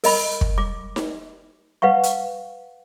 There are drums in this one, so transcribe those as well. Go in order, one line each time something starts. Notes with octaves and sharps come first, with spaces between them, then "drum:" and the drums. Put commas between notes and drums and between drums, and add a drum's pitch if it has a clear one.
A#4 D#5 B5, drum: open hi-hat
drum: kick
D6
drum: snare D#4
B4 F5 F#5 C#6
drum: hi-hat